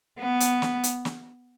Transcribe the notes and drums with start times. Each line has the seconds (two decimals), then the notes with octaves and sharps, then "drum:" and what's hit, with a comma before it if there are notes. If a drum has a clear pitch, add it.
0.19 B3
0.40 drum: hi-hat
0.62 drum: snare
0.83 drum: hi-hat
1.05 drum: snare